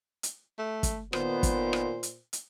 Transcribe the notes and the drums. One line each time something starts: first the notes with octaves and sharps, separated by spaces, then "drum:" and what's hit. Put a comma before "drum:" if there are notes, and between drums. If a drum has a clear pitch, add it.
drum: hi-hat
A3
drum: kick, hi-hat
A#2 D#3 B3 C5, drum: rim click
drum: kick, hi-hat
drum: rim click
drum: hi-hat
drum: hi-hat